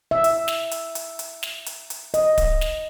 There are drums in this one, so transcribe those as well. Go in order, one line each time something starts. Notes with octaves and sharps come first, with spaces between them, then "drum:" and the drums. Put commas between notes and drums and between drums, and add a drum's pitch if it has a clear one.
E5
drum: hi-hat
drum: snare
drum: hi-hat
drum: hi-hat
drum: hi-hat
drum: snare
drum: hi-hat
drum: hi-hat
D#5, drum: hi-hat
drum: kick D1, hi-hat
drum: snare